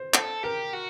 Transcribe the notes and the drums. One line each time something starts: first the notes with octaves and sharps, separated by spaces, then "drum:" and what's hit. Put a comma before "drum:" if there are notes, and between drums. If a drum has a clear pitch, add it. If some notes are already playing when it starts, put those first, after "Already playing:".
Already playing: C5
A4, drum: clap
G4 A#4
F#4